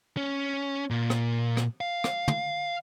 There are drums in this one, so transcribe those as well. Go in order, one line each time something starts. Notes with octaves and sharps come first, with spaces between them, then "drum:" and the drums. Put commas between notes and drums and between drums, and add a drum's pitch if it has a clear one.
C#4
A#2
drum: rim click
drum: rim click
F5
drum: rim click
drum: tom